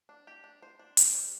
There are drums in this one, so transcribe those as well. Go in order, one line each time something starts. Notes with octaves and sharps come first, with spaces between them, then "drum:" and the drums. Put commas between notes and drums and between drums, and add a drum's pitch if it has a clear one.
D4
G4
D4
C5
D4
C4, drum: hi-hat
G3